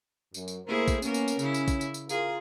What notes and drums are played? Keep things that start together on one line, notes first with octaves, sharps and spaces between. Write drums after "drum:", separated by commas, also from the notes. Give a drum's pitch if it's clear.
F#2, drum: tambourine
drum: tambourine
A3 A#3 E4 G#4 A#4 C5
drum: kick, tambourine
A#3 B3 C#4 A#4, drum: tambourine
drum: tambourine
drum: tambourine
C#3 E4, drum: tambourine
drum: tambourine
drum: kick, tambourine
drum: tambourine
drum: tambourine
F4 G#4 A#4, drum: tambourine